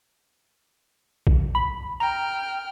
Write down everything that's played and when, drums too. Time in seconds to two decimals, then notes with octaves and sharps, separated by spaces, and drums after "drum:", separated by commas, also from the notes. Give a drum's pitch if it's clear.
1.27 drum: kick A#1
1.55 B5
2.00 G5 A#5 F6